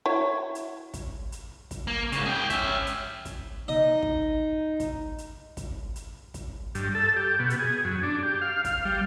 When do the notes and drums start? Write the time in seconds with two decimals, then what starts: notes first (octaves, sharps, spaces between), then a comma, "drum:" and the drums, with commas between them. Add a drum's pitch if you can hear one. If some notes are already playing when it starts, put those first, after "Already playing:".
0.06 E4 F#4 C#5
0.55 drum: hi-hat
0.94 drum: kick, hi-hat
1.32 drum: hi-hat
1.71 drum: kick, hi-hat
1.87 A#3
2.12 G#2 C#3, drum: hi-hat
2.26 G#4 G5
2.50 C#4 E5, drum: kick, hi-hat
2.87 drum: hi-hat
3.25 drum: kick, hi-hat
3.68 D#4 D#5
4.03 drum: kick
4.80 drum: kick, hi-hat
5.18 drum: hi-hat
5.57 drum: kick, hi-hat
5.96 drum: hi-hat
6.34 drum: kick, hi-hat
6.75 G2, drum: hi-hat
6.95 A4
7.16 G4
7.39 B2
7.50 drum: hi-hat
7.59 G#4
7.84 F#2
8.03 D4
8.23 G4
8.41 F5
8.65 F5, drum: kick, hi-hat
8.85 G3